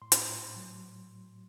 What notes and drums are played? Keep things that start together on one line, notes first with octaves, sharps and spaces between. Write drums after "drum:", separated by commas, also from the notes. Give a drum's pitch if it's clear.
A2 C6
drum: hi-hat
A2
F#3